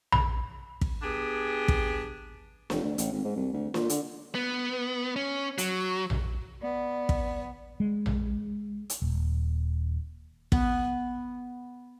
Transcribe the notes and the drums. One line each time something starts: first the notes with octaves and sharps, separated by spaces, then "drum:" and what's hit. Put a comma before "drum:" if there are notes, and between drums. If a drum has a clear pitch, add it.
B5, drum: tom A#1
drum: kick
B3 D4 G4 G#4
drum: kick
F1, drum: snare
D2
A1, drum: hi-hat
G#1
G#2
C2
D2
A#2, drum: snare
D3, drum: hi-hat
B3
C#4
F#3, drum: hi-hat
drum: tom A#1
B3 D5
drum: kick
G#3
drum: tom A#1
drum: hi-hat
D#1
B3, drum: kick